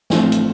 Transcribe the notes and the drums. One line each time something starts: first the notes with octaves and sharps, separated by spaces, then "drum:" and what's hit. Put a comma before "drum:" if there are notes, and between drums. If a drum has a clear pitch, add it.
A1 A2 F3 A3 C4, drum: snare
drum: hi-hat